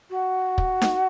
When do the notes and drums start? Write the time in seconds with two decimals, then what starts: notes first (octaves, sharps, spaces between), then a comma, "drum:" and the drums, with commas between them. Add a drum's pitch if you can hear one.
0.11 F#4
0.58 drum: kick
0.82 drum: snare D#4